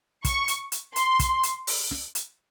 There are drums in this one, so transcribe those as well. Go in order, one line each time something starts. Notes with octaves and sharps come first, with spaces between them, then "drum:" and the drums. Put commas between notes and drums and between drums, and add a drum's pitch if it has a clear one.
C#6, drum: kick, hi-hat
drum: hi-hat
drum: hi-hat
C6, drum: hi-hat
drum: kick, hi-hat
drum: hi-hat
drum: open hi-hat
drum: snare
drum: hi-hat